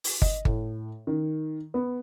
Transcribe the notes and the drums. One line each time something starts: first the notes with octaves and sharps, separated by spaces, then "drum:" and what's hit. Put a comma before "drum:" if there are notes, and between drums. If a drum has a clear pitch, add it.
drum: open hi-hat
D#5, drum: kick G1
A2, drum: kick G1
D#3
B3